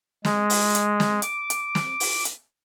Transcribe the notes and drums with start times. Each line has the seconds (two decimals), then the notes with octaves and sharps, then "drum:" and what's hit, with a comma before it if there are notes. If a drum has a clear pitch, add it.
0.25 G#3, drum: snare
0.50 drum: open hi-hat
0.75 drum: hi-hat
1.00 drum: snare
1.22 D6, drum: hi-hat
1.50 drum: hi-hat
1.75 drum: snare
2.00 drum: open hi-hat
2.25 drum: hi-hat